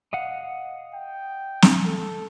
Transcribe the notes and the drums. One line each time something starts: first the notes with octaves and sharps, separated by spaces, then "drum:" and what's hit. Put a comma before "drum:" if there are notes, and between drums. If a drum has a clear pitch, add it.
D#5 F5 F#5
G5
drum: snare
A4